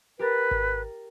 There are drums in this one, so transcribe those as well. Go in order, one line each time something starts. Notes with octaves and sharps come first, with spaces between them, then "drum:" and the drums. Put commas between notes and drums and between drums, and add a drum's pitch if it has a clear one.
G4 A#4 B4 A6
drum: kick G#1